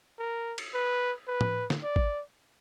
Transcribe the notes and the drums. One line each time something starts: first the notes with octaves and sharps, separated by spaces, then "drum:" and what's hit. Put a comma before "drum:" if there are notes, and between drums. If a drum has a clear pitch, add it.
A#4
drum: cymbal
B4
B4
drum: tom A2
drum: snare
D5
drum: kick G#1